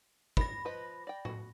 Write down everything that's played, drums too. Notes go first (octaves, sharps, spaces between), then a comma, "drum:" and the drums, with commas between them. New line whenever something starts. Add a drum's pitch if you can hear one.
B5 A#6, drum: kick
F3 B4 D#5
D5 G5
F#4, drum: tom A2